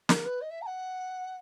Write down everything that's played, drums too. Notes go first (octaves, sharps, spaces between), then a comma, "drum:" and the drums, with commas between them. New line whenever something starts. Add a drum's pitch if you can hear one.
A#4, drum: snare
B4
D#5
E5
A#5
F#5